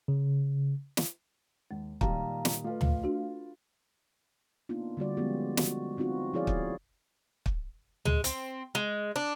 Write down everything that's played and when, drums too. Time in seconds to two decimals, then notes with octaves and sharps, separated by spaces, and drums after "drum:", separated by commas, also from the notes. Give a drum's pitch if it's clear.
0.08 C#3
0.97 drum: snare
1.71 D#2 G#3
2.01 A#2 D#3 G3 F5 A5 A#5, drum: kick
2.45 drum: snare
2.64 A3 F4 A4 B4 F5
2.81 drum: tom
3.04 D4 F#4
4.69 A#3 B3 D4 D#4 F4
4.97 D3 G3 F#4 D5
5.17 F3 G#3 B3 C#4 F4 G4
5.57 F#4, drum: snare
5.97 B3 C4 D#4 F4 F#4
6.33 F3 E4 G#4 C#5 D5 F5
6.47 drum: kick
7.46 drum: kick
8.05 G#3, drum: tom
8.24 C4, drum: hi-hat
8.75 G#3
9.16 D4